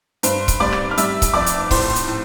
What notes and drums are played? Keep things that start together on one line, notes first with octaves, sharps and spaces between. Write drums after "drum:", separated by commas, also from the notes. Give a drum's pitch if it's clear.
G2 C5 C6, drum: hi-hat
drum: kick C#1, hi-hat
G3 D5 D6
drum: rim click
F6
G3 E5 E6, drum: hi-hat
drum: kick C#1, hi-hat
F2 D5 D6
drum: hi-hat
A2 C5 C6, drum: kick C#1, open hi-hat
drum: hi-hat
A2